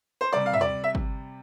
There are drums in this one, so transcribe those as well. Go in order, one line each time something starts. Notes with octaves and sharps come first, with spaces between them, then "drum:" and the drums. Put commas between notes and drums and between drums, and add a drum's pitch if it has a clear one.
C5
C3 G3 D5
F5
E5, drum: tom
D5
E5
drum: kick